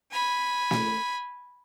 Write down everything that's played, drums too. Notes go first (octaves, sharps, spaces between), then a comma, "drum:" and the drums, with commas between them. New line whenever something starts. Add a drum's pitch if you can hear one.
G#5 B5
drum: snare